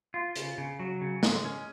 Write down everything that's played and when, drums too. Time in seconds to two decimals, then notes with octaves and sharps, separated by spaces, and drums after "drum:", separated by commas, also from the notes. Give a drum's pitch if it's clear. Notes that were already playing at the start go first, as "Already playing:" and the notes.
0.14 F4
0.36 C#3, drum: hi-hat
0.58 C#3
0.80 F#3
1.01 C#3
1.23 G#3, drum: snare
1.45 C#4